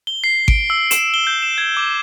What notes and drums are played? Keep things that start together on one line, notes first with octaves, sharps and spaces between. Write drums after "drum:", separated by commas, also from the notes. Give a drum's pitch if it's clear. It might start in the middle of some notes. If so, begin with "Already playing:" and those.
G7
C7
D7, drum: kick G#1
E6
E7, drum: hi-hat
G7
G6
E7
G#6
D6